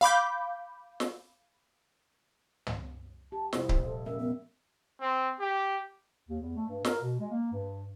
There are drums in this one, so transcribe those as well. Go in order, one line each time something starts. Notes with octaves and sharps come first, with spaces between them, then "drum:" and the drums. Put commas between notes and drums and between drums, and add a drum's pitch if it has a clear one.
F5 B5 D6 G6
drum: snare
drum: tom
G4 A5
C2 F2 C3 G3 E4 C5 D#5 E5, drum: snare
A#2, drum: kick C#1
A4
G#3 C#4 A#4 E5
B3 A#4
C4
G4
D#2
E2
A3
G2
A#4, drum: snare
B2
G#3
A#3
G2